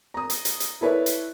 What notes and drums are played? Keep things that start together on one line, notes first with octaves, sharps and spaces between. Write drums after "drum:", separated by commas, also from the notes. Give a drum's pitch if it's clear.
A#5 D#6
drum: hi-hat
drum: hi-hat
drum: hi-hat
E4 A4 B4 C#5 D5 E5
drum: hi-hat